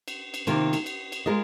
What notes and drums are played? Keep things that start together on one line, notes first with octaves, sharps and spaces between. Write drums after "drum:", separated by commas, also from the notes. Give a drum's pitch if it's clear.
drum: cymbal
drum: cymbal
C3 D#3 A#3 F4, drum: cymbal
drum: cymbal
drum: cymbal
drum: cymbal
G#3 F4 A#4 D#5